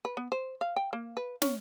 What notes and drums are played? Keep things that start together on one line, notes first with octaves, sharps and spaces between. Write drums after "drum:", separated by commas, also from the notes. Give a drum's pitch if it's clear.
B4
B3
C5
F5
G5
A#3
B4
C#4, drum: snare